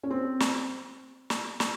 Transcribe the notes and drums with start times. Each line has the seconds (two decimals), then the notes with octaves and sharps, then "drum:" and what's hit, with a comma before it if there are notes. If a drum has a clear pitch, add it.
0.03 C#4
0.10 C4
0.40 drum: snare
1.30 drum: snare
1.60 drum: snare